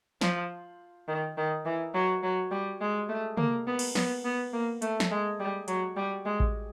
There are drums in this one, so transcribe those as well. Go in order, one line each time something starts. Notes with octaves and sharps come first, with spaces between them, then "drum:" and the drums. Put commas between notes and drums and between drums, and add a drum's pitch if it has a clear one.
F3, drum: snare
D#3
D#3
E3
F#3
F#3
G3
G#3
A3
A#3, drum: tom
B3
drum: cymbal
B3, drum: snare
B3
A#3
A3, drum: hi-hat
drum: snare
G#3
G3
F#3, drum: hi-hat
G3
G#3
drum: kick A1